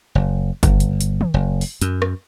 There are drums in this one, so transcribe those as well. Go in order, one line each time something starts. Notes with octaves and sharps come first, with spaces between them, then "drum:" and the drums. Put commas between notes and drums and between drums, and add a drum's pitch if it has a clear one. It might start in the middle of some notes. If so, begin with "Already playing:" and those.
F#1
G1, drum: kick, hi-hat
drum: hi-hat
drum: hi-hat
drum: tom
F#1
drum: open hi-hat
F#2, drum: hi-hat
drum: rim click